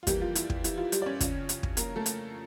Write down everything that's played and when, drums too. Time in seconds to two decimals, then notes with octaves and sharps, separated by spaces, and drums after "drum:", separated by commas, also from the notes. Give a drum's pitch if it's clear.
0.03 F4
0.07 F2 E3 G3 A#3 G4, drum: kick, hi-hat
0.21 F3 F4
0.35 E4, drum: hi-hat
0.50 drum: kick
0.64 E4, drum: hi-hat
0.78 F3 F4
0.92 G3 G4, drum: hi-hat
1.02 D5
1.06 C#4 C#5
1.21 F2 C#3 F3, drum: kick, hi-hat
1.49 drum: hi-hat
1.63 drum: kick
1.77 A#3 A#4, drum: hi-hat
1.96 A3 A4
2.06 drum: hi-hat